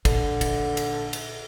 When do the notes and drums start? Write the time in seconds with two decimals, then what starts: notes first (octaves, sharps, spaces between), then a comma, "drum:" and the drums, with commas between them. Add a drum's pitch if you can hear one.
0.05 A#2 D3, drum: kick, cymbal
0.41 drum: kick, cymbal
0.77 drum: cymbal
1.13 drum: cymbal